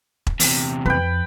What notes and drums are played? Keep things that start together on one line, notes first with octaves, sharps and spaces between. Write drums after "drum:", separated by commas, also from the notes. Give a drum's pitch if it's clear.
drum: kick E1
E2 C3, drum: open hi-hat
F2 B4 G5